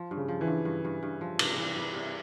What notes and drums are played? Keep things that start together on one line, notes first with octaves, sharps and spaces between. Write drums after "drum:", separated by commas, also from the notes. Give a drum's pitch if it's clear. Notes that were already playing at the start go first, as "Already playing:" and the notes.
Already playing: F3
G2
C#3
F3
E3
G2
G2
G2
G2
F3
C3, drum: cymbal
E3
G3
C3